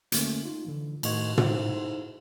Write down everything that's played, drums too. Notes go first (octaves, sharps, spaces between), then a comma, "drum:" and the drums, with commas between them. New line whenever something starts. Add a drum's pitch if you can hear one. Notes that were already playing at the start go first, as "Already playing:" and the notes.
D3 A3 A#3 C#4, drum: hi-hat
D#4 F4
D3 E3 F3
A2 D#3 A3 D#5 C#6 G#6, drum: cymbal
D#4 E4 G#4 A4 C5, drum: tom